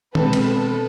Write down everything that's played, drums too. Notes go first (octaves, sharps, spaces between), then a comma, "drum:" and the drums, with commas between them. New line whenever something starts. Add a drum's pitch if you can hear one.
B2 G#3 C4 A4 B4, drum: tom
drum: cymbal
A4 B4